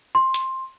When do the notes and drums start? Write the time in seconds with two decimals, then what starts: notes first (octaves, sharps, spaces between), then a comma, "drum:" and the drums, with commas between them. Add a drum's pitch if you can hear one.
0.15 C6
0.34 drum: hi-hat